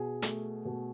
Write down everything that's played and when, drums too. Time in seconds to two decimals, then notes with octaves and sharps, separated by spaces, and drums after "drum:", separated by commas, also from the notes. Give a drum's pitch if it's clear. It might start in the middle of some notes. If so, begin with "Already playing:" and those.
Already playing: B2 G#4
0.22 A3, drum: hi-hat
0.65 B2